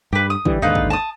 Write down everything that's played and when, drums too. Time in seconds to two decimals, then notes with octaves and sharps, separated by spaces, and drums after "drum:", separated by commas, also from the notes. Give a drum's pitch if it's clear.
0.13 G2 G4 B4
0.30 D#6
0.45 D3 E3 G3, drum: kick
0.62 D#2 G#2 D3 D#4 F4 B4
0.75 drum: kick
0.90 A5 D#6